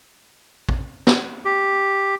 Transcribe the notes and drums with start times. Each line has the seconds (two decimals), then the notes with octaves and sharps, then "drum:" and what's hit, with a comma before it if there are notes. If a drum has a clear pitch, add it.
0.69 drum: kick
1.07 drum: snare
1.45 G4